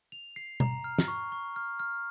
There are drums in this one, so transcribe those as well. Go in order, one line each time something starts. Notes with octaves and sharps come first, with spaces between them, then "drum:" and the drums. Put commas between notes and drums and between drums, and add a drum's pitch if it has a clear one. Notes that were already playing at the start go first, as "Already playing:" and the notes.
F7
C7
A#5, drum: tom B2
F6
drum: snare
C#6
C#6
F6
F6